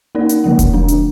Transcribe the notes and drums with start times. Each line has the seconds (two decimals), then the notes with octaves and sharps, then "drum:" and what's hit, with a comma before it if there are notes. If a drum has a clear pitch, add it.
0.15 A#3 D#4 A#4 D5
0.29 drum: hi-hat
0.44 D3 F3 A#3
0.59 drum: kick E1, hi-hat
0.74 D3 A3 D4
0.88 drum: hi-hat